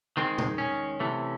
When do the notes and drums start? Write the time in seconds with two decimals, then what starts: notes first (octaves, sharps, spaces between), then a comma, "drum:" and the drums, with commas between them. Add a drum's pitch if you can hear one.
0.17 D#3 G#3 C4
0.38 drum: tom A#2
0.58 C#4
1.00 C3 E3 A3